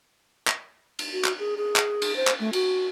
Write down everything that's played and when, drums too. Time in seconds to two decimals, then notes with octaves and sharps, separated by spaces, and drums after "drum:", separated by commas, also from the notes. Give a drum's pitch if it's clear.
0.47 drum: clap
0.99 drum: cymbal
1.13 F#4
1.25 drum: clap
1.39 G#4
1.57 G#4
1.76 drum: clap
2.02 drum: cymbal
2.16 C5
2.27 drum: clap
2.40 A3
2.53 F#4, drum: cymbal